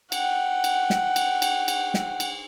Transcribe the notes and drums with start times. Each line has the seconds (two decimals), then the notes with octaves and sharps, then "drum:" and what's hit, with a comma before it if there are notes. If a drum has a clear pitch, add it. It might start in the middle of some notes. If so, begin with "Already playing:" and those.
0.12 F#5 G5, drum: cymbal
0.64 drum: cymbal
0.90 drum: snare
1.16 drum: cymbal
1.42 drum: cymbal
1.68 drum: cymbal
1.94 drum: snare
2.20 drum: cymbal